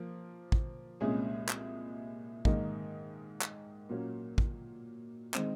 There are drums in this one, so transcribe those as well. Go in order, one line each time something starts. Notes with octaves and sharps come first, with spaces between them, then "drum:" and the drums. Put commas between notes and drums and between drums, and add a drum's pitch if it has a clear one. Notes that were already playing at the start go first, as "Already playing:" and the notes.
Already playing: F3 A#3
drum: kick
C2 A#2 G#3 C#4 G#4
drum: clap
G#2 D#3 A#3 D#4, drum: kick
drum: clap
A#2 F#3 A#3 C#4
drum: kick
D#3 G#3 C4, drum: clap